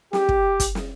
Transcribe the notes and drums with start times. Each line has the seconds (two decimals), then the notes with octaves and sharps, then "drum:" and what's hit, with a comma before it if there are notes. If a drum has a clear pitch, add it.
0.13 G4, drum: snare
0.29 drum: kick
0.60 drum: kick, hi-hat
0.75 drum: snare